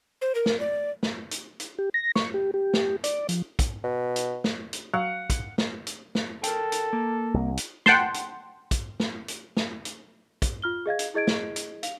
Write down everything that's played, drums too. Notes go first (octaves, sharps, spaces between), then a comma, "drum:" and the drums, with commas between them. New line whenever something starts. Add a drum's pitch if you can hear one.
C5
A#4
drum: snare
D5
drum: snare
drum: hi-hat
drum: hi-hat
G4
A#6
C#6, drum: snare
G4
G4
drum: snare
D5, drum: hi-hat
F3, drum: hi-hat
drum: kick, hi-hat
B2
drum: hi-hat
drum: snare
drum: hi-hat
F#3 F5 F#5
drum: kick, hi-hat
drum: snare
drum: hi-hat
drum: snare
A4 A#4 G5, drum: hi-hat
drum: hi-hat
A#3
C2
drum: hi-hat
F#5 G5 A5 C6, drum: snare
drum: hi-hat
drum: kick, hi-hat
drum: snare
drum: hi-hat
drum: snare
drum: hi-hat
drum: kick, hi-hat
F4 F6 G7
G#4 D#5 F5 G#6
drum: hi-hat
E4 G#4 D#5 G#6 D7
drum: snare
drum: hi-hat
F5 F7, drum: hi-hat